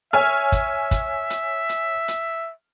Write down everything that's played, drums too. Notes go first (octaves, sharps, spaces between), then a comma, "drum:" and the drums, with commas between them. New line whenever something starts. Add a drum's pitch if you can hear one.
C#5 E5 G#5 F6
drum: kick, hi-hat
drum: kick, hi-hat
drum: hi-hat
drum: hi-hat
drum: hi-hat